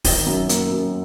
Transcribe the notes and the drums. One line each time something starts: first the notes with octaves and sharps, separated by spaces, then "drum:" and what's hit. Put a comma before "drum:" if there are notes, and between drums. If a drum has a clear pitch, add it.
D#3, drum: kick D1, open hi-hat
F#2
A#3, drum: hi-hat
F#2